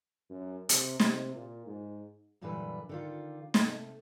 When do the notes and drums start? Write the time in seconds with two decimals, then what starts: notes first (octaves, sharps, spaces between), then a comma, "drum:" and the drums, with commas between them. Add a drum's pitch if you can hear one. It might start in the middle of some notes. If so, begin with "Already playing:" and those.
0.30 F#2
0.69 C3, drum: hi-hat
1.00 C3, drum: snare
1.35 A#2
1.66 G#2
2.41 F#2 A#2 D3 E3 G3 B4
2.89 D3 D#3 F4
3.54 C3 A3, drum: snare